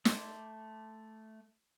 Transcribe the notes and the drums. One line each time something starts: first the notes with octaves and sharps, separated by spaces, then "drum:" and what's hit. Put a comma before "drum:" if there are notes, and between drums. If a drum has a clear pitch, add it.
A3 C6 D6 G6, drum: snare